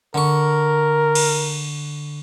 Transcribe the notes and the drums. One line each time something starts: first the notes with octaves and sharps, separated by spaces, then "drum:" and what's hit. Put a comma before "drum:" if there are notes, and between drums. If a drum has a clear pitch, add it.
D3 A#4 C#6
drum: cymbal